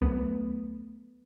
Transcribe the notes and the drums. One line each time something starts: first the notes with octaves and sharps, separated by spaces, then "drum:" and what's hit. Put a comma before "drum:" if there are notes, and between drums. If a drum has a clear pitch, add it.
F#3 A3 B3, drum: kick C2